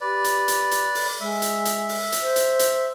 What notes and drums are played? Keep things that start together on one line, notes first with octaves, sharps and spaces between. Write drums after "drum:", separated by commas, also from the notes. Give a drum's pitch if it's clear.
G4 B4 D5
drum: hi-hat
drum: hi-hat
drum: hi-hat
drum: open hi-hat
G#3 E5
drum: hi-hat
drum: hi-hat
drum: open hi-hat
drum: hi-hat
C5
drum: hi-hat
drum: hi-hat